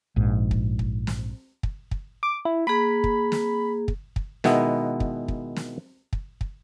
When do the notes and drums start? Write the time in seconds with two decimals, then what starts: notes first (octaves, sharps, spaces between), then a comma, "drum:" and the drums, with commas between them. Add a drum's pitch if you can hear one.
0.16 A#1 G#2
0.51 drum: kick
0.79 drum: kick
1.07 drum: snare
1.63 drum: kick
1.91 drum: kick
2.23 D6
2.45 E4
2.67 A#3 G#4 B5
3.04 drum: kick
3.32 drum: snare
3.88 drum: kick
4.16 drum: kick
4.44 B2 D#3 G#3 B3 E4, drum: snare
5.00 drum: kick
5.28 drum: kick
5.56 drum: snare
6.13 drum: kick
6.41 drum: kick